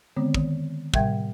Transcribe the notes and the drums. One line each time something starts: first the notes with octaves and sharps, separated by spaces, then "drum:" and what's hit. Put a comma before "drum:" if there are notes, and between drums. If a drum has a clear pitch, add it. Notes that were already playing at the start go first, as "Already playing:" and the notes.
D3 D#3 G#3 B3 C4
D#3, drum: kick
A2 C3 G3 E5 G5 G#6, drum: kick